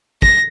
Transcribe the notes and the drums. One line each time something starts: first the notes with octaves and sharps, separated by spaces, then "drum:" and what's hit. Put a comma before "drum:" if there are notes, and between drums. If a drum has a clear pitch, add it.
A#6, drum: kick